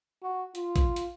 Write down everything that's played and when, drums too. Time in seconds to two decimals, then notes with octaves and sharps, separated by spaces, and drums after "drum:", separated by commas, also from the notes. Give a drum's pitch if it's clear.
0.22 F#4
0.55 F4, drum: hi-hat
0.76 drum: kick A#1, hi-hat
0.96 drum: hi-hat